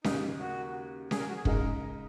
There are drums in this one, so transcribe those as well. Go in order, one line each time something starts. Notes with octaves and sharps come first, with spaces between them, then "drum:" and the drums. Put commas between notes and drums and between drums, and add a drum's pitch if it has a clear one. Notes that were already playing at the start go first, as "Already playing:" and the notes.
D#2 C#3 A#3 D#4, drum: snare C#4
F#4
G#4, drum: snare C#4
A#4
F#4
G#4
C#3 G#3 D#4 A#4, drum: kick